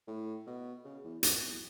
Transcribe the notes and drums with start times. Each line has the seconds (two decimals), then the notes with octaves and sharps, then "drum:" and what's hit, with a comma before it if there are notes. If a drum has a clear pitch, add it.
0.08 A2
0.47 B2
0.85 C#3
1.04 E2
1.23 F#2, drum: hi-hat
1.42 E2